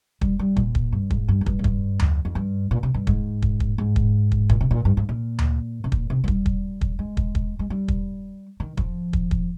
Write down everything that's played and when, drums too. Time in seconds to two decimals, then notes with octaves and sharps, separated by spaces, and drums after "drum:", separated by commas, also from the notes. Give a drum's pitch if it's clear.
0.21 G3, drum: kick
0.39 G3
0.56 A#2, drum: kick
0.75 drum: kick
0.92 G2
1.10 G#2, drum: kick
1.28 G2
1.41 G#2
1.46 G2, drum: kick
1.59 G#2
1.64 G2, drum: kick
1.99 F2, drum: tom D2
2.25 F2
2.35 G2
2.71 A#2
2.83 C3
2.94 G2
3.07 G#2, drum: kick
3.42 drum: kick
3.60 drum: kick
3.78 G#2
3.96 drum: kick
4.32 drum: kick
4.49 A#2, drum: kick
4.61 C3
4.71 A#2
4.85 G2
4.97 G#2
5.09 A#2
5.39 drum: tom D2
5.84 C3
5.92 A#2, drum: kick
6.10 C3
6.24 F3
6.28 G3, drum: kick
6.46 drum: kick
6.81 drum: kick
6.99 G#3
7.17 drum: kick
7.35 drum: kick
7.59 G#3
7.70 G3
7.88 drum: kick
8.60 D#3
8.77 F3, drum: kick
9.13 drum: kick
9.31 drum: kick